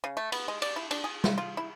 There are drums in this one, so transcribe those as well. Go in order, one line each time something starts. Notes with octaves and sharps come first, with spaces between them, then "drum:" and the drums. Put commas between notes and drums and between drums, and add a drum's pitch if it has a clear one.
C#3
A3
B3, drum: cymbal
G#3
D5, drum: cymbal
E4
D4, drum: cymbal
G#4
F4, drum: snare
F4
E4